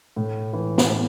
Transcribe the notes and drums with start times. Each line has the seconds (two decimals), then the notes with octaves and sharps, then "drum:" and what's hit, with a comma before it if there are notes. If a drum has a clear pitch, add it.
0.16 A2
0.53 E3
0.78 drum: snare
0.89 A2